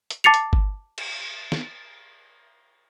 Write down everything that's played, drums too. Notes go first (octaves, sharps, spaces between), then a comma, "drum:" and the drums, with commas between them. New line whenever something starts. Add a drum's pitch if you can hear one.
drum: hi-hat
A5 D6 A6 C7 C#7 F7
drum: hi-hat
drum: kick G1
drum: cymbal
drum: snare